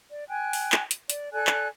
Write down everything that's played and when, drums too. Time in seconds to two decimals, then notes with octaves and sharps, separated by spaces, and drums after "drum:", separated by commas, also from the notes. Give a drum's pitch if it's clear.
0.10 D5
0.29 G5 G#5 F#6
0.53 drum: open hi-hat
0.72 drum: clap
0.91 drum: hi-hat
1.10 D5, drum: hi-hat
1.32 A4 D5 G#5 F#6
1.47 drum: clap